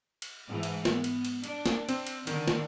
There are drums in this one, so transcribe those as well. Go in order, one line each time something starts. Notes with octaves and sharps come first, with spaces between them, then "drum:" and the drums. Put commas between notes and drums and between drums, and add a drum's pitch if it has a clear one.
drum: cymbal
G#2 E3 A3
drum: cymbal
B3, drum: snare
drum: cymbal
drum: cymbal
D4, drum: cymbal
drum: snare
C4, drum: cymbal
drum: cymbal
D3 D#3, drum: cymbal
drum: snare